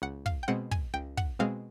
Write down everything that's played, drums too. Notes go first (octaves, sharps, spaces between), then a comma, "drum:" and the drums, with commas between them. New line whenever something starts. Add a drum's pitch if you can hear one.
C#2 F#5
F5, drum: kick
G5
B2 G#3 C4 F#5
G#5, drum: kick
C#2 G5
F#5, drum: kick
B2 G#3 C4 F5